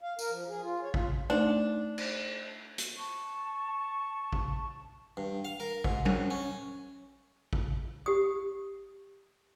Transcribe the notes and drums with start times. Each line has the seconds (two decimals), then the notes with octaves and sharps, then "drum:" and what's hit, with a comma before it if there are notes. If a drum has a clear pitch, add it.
0.01 F5
0.19 A#4, drum: tambourine
0.30 F3
0.48 G#4
0.62 F4
0.82 C#5
0.94 F4, drum: kick G#1
1.30 A3 D4 D#4 C5
1.98 drum: cymbal
2.78 drum: hi-hat
2.97 A5 C#6
4.32 drum: kick G#1
5.17 G2
5.45 F5
5.60 A#4
5.84 G#2, drum: kick G#1
6.06 F#2, drum: tom F#3
6.31 C#4
7.53 drum: kick G#1
8.06 G4 D#6